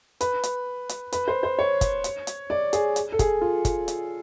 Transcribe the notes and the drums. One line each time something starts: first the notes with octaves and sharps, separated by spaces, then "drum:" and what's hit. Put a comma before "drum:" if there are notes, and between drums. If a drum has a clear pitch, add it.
B4, drum: hi-hat
drum: hi-hat
drum: hi-hat
B4, drum: hi-hat
C5
C5
C#5
drum: kick, hi-hat
drum: hi-hat
drum: hi-hat
D5
G#4, drum: hi-hat
drum: hi-hat
A4
G#4, drum: kick, hi-hat
F4
drum: kick, hi-hat
drum: hi-hat